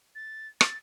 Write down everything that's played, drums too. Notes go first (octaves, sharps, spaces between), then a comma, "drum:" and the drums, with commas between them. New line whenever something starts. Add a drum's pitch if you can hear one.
A6
A6, drum: rim click